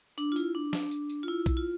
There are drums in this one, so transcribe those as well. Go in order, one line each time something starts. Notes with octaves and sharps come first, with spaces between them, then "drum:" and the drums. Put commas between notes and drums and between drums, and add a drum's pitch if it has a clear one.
D4, drum: tambourine
F4
E4, drum: tambourine
D4
drum: snare
drum: tambourine
drum: tambourine
F4
E4
drum: kick B1, tambourine
F4